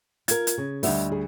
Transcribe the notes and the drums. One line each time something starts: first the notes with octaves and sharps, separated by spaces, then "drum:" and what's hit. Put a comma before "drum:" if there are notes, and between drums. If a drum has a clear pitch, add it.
F4 A#4 G#6, drum: hi-hat
drum: hi-hat
C#3
D2 G3 D#5 E5 F#5, drum: open hi-hat
G#4